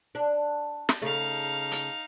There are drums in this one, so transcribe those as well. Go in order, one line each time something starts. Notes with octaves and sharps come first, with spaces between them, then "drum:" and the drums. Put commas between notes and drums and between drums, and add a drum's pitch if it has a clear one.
D4
drum: snare
C#3 A3 D#4 F5
drum: hi-hat